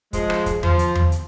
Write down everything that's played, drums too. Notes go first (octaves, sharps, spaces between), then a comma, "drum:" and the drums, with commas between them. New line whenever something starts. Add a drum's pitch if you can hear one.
F3 G#3, drum: kick, hi-hat
drum: rim click
drum: kick, hi-hat
F3, drum: tom E2
drum: hi-hat
drum: tom E2
drum: hi-hat